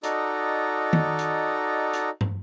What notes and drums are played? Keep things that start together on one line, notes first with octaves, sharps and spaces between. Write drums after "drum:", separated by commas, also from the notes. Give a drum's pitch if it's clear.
D#4 F#4 A4 D5 D#5 A#5, drum: hi-hat
drum: tom
drum: hi-hat
drum: hi-hat
drum: tom